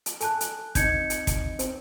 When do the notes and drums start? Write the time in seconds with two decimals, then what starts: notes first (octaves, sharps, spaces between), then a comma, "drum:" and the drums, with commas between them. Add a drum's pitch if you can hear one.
0.06 drum: hi-hat
0.21 A4 G#5 A5 F#6, drum: hi-hat
0.41 drum: hi-hat
0.75 C4 D#4 D#5 G6 G#6 C#7, drum: kick, hi-hat
1.10 drum: hi-hat
1.27 drum: kick, hi-hat
1.59 C4 C5, drum: hi-hat